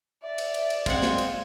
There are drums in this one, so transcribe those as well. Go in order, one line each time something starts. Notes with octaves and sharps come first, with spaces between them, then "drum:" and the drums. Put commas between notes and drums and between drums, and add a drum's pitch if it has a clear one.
D5 E5
drum: cymbal
drum: cymbal
drum: cymbal
G#3 C4 F5 F#5 C6 G#6, drum: kick, cymbal
drum: snare
drum: cymbal